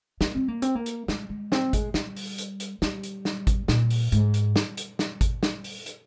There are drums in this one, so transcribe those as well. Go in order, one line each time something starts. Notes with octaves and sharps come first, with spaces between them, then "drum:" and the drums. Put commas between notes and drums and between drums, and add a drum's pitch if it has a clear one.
A#3, drum: snare
C4
A#3
C4, drum: hi-hat
A#3
drum: hi-hat
G#3, drum: snare
G#3
C4, drum: snare
G#3, drum: kick G#1, hi-hat
G3, drum: snare
drum: open hi-hat
drum: hi-hat
drum: hi-hat
G3, drum: snare
drum: hi-hat
drum: snare
drum: kick G#1, hi-hat
A#2, drum: snare
drum: open hi-hat
G#2, drum: hi-hat
drum: hi-hat
drum: snare
drum: hi-hat
drum: snare
drum: kick G#1, hi-hat
drum: snare
drum: open hi-hat
drum: hi-hat